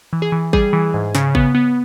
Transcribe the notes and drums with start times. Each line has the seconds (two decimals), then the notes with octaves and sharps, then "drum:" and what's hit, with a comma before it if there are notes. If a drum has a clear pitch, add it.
0.13 E3
0.22 G#4
0.32 E3
0.53 G3 G#4, drum: kick G#1
0.73 E3
0.94 G#2
1.15 C#3, drum: snare
1.35 B3, drum: kick G#1
1.55 B3